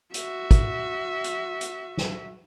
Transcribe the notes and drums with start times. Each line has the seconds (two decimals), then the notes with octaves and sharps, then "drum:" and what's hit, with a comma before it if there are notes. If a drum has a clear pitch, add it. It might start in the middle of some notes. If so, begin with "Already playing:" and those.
0.14 F#4 E5, drum: hi-hat
0.51 drum: kick, hi-hat
1.24 drum: hi-hat
1.61 drum: hi-hat
1.98 drum: snare